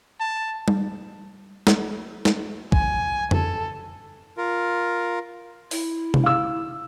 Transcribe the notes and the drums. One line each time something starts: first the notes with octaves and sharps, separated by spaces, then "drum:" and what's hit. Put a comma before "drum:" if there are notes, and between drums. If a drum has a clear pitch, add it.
A5
drum: tom G3
drum: snare
drum: snare
G#5, drum: kick
A4, drum: tom F2
F4 A#4
E4, drum: open hi-hat
drum: tom C3
F5 E6